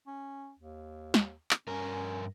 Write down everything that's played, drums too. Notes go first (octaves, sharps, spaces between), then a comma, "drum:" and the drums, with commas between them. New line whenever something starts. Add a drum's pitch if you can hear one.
C#4
D#2
drum: snare
drum: clap
G2 C#4 A#4